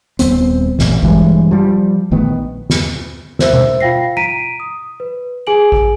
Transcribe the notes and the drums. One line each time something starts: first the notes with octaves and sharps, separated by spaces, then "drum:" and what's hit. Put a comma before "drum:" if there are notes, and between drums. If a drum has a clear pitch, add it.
D#1 A2 B3 C4, drum: hi-hat
A1 A#2, drum: snare
G2 E3 G#3, drum: kick A1
F3 G3
A#1 D#3 A3 B3
drum: snare
A#4 C5 E5 E6, drum: snare
drum: tom B2
F4 F5 G5 A#6 C7
A#5 B6 C7 D7 D#7
D#6
B4
G#4 G#5 D7 F#7
drum: kick A1